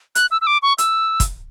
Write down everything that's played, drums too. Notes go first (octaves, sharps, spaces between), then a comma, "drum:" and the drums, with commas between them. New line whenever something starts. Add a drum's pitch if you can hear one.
F#6, drum: hi-hat
E6
E6
D6
C#6
E6, drum: hi-hat
drum: kick, hi-hat